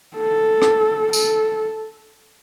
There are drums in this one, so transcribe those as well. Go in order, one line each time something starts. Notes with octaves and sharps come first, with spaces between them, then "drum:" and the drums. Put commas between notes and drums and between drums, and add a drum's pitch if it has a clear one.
A4
drum: rim click
A4, drum: tambourine